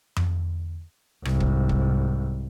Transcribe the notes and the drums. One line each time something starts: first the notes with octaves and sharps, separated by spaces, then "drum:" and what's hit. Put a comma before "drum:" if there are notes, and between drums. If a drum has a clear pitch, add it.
drum: tom F2
C2 G#2, drum: rim click
drum: kick
drum: kick